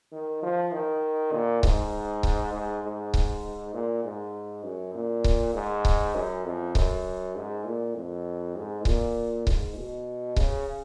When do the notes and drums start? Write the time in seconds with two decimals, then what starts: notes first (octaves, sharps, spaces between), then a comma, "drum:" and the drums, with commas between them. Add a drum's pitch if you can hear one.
0.12 D#3
0.43 F3
0.72 D#3
1.32 A#2
1.63 G#2, drum: kick C#1
2.23 drum: kick C#1
2.53 G#2
2.83 G#2
3.14 drum: kick C#1
3.74 A#2
4.04 G#2
4.64 F#2
4.94 A#2
5.24 drum: kick C#1
5.54 G#2
5.85 drum: kick C#1
6.15 F#2
6.45 F2
6.75 F#2, drum: kick C#1
7.36 G#2
7.66 A#2
7.95 F2
8.56 G#2
8.85 A#2, drum: kick C#1
9.47 G#2, drum: kick C#1
9.77 B2
10.36 C#3, drum: kick C#1